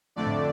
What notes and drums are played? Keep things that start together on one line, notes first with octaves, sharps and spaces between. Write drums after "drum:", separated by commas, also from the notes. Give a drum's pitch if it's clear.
F2 D3 A3 D4 D5
drum: tom G#2